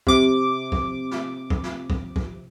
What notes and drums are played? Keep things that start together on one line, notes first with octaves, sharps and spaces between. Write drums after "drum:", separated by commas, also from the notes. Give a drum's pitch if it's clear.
C3 D6, drum: kick
drum: kick
drum: snare
drum: kick
drum: snare
drum: kick
drum: kick